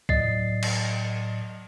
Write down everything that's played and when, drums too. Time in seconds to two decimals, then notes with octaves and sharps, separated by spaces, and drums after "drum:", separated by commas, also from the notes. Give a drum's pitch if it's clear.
0.09 A2 F#3 D5 D#5 A6 C7, drum: kick
0.63 drum: cymbal